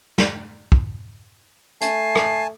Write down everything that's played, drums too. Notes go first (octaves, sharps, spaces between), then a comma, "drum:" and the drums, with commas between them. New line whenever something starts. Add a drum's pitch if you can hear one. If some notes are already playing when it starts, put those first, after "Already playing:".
drum: snare
drum: kick
A3 G#5 A5 C7, drum: hi-hat
drum: rim click